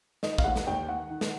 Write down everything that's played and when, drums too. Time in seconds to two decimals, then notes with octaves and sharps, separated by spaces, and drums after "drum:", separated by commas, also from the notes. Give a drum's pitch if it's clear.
0.23 D#3 D#5, drum: snare
0.38 F5, drum: kick A1
0.44 D#2 F#5
0.56 drum: snare
0.67 D#2 G5
0.88 D#3 F#5
1.10 D#3
1.21 drum: snare